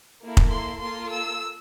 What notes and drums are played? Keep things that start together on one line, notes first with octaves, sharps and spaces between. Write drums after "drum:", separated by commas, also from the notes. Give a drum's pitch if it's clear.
A#3 E4 A4
drum: kick F1
C6
A#3 F4 A4 C6
E6